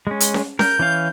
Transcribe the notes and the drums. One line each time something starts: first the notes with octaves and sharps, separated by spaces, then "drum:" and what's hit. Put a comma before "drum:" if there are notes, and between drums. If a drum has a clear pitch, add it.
G#3 C#4
drum: hi-hat
drum: snare C#4
A#4 G6, drum: snare C#4
E3 C#4 F5